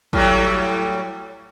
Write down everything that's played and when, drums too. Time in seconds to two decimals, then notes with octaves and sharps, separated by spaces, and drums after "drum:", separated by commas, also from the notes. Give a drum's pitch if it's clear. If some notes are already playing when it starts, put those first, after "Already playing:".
0.13 A2 F#3 G3, drum: kick